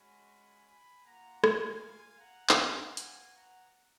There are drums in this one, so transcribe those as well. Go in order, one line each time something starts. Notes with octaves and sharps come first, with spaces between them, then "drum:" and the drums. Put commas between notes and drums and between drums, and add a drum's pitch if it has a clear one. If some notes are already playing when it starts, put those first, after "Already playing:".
Already playing: G#3 C#4 F#4 G#5 B5
G#5 B5
A#3 F4 F#5 A#5
F5 G#5, drum: rim click
F#5 A#5
drum: clap
B3 F#4 F5 G#5
F5 G#5, drum: hi-hat
F#5 A#5